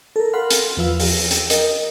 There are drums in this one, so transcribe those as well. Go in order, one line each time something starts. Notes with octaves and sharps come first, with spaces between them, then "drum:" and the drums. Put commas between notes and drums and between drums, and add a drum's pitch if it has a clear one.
A4 A#4
A#4 F5 F#5 B5 C6 F6
drum: hi-hat
E2 F3 B4 F5 E6
drum: open hi-hat
G5 E6, drum: hi-hat
A#4 D#5, drum: hi-hat